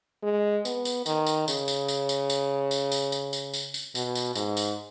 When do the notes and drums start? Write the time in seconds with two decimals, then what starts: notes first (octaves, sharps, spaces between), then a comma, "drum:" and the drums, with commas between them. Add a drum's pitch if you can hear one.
0.23 G#3
0.65 B3, drum: tambourine
0.85 drum: tambourine
1.06 D#3, drum: tambourine
1.27 drum: tambourine
1.48 C#3, drum: tambourine
1.68 drum: tambourine
1.88 drum: tambourine
2.09 drum: tambourine
2.30 drum: tambourine
2.71 drum: tambourine
2.92 drum: tambourine
3.12 drum: tambourine
3.33 drum: tambourine
3.54 drum: tambourine
3.74 drum: tambourine
3.95 B2, drum: tambourine
4.15 drum: tambourine
4.35 G#2, drum: tambourine
4.57 drum: tambourine